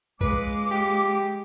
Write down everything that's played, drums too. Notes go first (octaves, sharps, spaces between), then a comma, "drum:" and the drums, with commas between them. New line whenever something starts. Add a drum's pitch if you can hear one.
C#2 G#3 A#3 B4 D6, drum: kick B1
G4